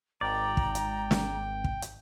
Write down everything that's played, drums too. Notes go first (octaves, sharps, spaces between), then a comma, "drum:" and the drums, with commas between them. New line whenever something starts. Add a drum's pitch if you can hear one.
G#1 D5 G5 A#5
drum: kick
drum: hi-hat
drum: snare
drum: kick
drum: hi-hat